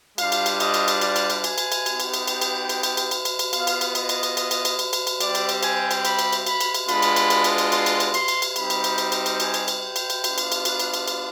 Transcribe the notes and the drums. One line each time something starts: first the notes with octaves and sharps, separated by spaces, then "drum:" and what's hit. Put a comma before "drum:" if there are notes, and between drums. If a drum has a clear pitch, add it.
G3 D4 F4 F5, drum: cymbal
drum: cymbal
drum: cymbal
D#5, drum: cymbal
drum: cymbal
drum: cymbal
D5, drum: cymbal
drum: cymbal
drum: cymbal
G#5, drum: cymbal
drum: cymbal
drum: cymbal
B3 D#4 G4, drum: cymbal
drum: cymbal
drum: cymbal
G5, drum: cymbal
drum: cymbal
drum: cymbal
drum: cymbal
drum: cymbal
drum: cymbal
drum: cymbal
drum: cymbal
B3 F4 F5, drum: cymbal
drum: cymbal
drum: cymbal
D#5, drum: cymbal
drum: cymbal
drum: cymbal
drum: cymbal
drum: cymbal
drum: cymbal
drum: cymbal
drum: cymbal
drum: cymbal
G3 C4 G4 D5, drum: cymbal
drum: cymbal
drum: cymbal
G#5, drum: cymbal
drum: cymbal
B5, drum: cymbal
drum: cymbal
drum: cymbal
B5, drum: cymbal
drum: cymbal
drum: cymbal
G#3 B3 D4 F4 B5, drum: cymbal
drum: cymbal
drum: cymbal
drum: cymbal
drum: cymbal
drum: cymbal
C6, drum: cymbal
drum: cymbal
drum: cymbal
C6, drum: cymbal
drum: cymbal
drum: cymbal
G3 C4 D#4 B5, drum: cymbal
drum: cymbal
drum: cymbal
drum: cymbal
drum: cymbal
drum: cymbal
G#5, drum: cymbal
drum: cymbal
drum: cymbal
G5
drum: cymbal
drum: cymbal
B3 D4 F4, drum: cymbal
drum: cymbal
drum: cymbal
B4, drum: cymbal
drum: cymbal
drum: cymbal
drum: cymbal